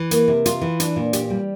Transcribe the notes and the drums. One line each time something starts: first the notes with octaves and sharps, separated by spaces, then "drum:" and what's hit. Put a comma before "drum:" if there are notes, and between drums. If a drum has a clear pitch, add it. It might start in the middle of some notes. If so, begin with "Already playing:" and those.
Already playing: E3
A#3, drum: hi-hat
C3
F4, drum: hi-hat
E3
D4, drum: hi-hat
A#2
G4, drum: hi-hat
G3